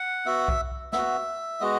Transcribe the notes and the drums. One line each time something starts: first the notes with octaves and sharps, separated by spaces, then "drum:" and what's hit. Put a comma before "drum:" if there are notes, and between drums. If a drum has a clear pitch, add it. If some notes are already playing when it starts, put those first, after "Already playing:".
Already playing: F#5
B3 F#4 E5
drum: kick B1
B3 F#4 E5, drum: snare
G#3 B3 F#4 D#5